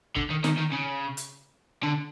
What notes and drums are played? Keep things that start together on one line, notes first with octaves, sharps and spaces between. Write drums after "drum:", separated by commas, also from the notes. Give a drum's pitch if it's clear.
D3, drum: kick
D#3
D#3, drum: snare
D#3
C#3
drum: hi-hat
D3